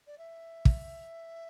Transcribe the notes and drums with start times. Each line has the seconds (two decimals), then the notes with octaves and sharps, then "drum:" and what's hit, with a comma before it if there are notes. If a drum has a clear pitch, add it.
0.07 D5
0.18 E5
0.65 drum: kick